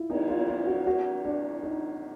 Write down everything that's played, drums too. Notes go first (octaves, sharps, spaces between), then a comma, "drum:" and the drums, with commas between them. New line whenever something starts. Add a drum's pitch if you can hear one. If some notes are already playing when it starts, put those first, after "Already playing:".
Already playing: E4 F4
D#4, drum: cymbal
F4
F4
F#4
F#4
D4
D#4